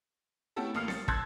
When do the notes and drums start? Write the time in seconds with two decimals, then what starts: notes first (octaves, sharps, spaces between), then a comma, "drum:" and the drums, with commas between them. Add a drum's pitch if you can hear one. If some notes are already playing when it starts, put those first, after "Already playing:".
0.56 A3 B3 C#4 E4 G4 A4
0.75 A1 A#3 D#6 F6 C7
0.88 A6 C#7, drum: snare C4
1.08 A5 C6 E6 F#6 G#6 A6, drum: kick